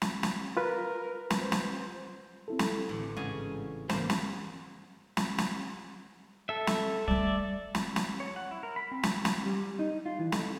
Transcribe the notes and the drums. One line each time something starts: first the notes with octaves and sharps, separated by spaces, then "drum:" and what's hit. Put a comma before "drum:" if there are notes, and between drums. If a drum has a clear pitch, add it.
drum: snare
drum: snare
F4 A#4 B4
drum: snare
C5
drum: snare
C4 E4 A4
drum: snare
A1 A2 D3 E3 C#6
G#2 C#3 G#5
G#2 E3 A#3 C5, drum: snare
drum: snare
drum: snare
drum: snare
A4 E5
drum: snare
G3 A3 D5 E5
drum: snare
drum: snare
C#5
F#5
E4
A#4
B5
C4
drum: snare
drum: snare
G3
D#4
F4
E3
A4, drum: snare